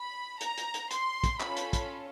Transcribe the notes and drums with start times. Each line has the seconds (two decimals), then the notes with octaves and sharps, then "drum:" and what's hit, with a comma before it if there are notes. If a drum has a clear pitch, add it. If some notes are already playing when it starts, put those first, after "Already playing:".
Already playing: B5
0.41 A#5, drum: hi-hat
0.58 drum: hi-hat
0.74 drum: hi-hat
0.91 C6, drum: hi-hat
1.24 drum: kick, hi-hat
1.40 C#4 F4 A4 B5, drum: clap
1.57 drum: hi-hat
1.73 drum: kick, hi-hat